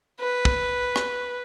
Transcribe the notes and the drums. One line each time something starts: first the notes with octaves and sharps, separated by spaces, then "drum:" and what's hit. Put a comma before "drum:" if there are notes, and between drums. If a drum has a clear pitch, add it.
B4
drum: kick
drum: rim click